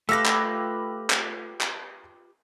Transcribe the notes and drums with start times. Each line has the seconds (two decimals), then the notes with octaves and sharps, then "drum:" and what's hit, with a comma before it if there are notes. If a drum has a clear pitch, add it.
0.09 A3 F4 G4 B4 E6 A#6
0.26 drum: clap
1.10 drum: clap
1.61 drum: clap